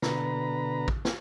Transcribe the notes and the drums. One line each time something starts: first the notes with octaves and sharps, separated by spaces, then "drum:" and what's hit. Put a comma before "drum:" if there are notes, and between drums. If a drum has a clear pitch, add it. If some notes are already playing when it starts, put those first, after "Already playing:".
B2 D3 B4 A#5, drum: snare
drum: kick A1
drum: snare